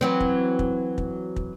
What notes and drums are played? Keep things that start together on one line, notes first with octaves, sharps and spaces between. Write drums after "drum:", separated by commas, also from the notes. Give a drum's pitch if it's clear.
E3 F#3 C4
drum: kick
drum: kick
drum: kick
drum: kick